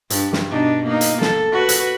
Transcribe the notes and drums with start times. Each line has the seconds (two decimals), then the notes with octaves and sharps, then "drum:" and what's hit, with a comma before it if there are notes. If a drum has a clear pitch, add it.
0.10 G2, drum: hi-hat
0.33 drum: snare
0.49 B2 D4 D#4
0.86 A#3 D#4
1.01 drum: hi-hat
1.21 A4, drum: snare
1.52 F#4 B4
1.69 drum: hi-hat